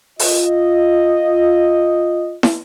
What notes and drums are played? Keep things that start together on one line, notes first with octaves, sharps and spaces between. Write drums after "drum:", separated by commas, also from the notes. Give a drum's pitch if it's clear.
F4 D#5, drum: open hi-hat
drum: snare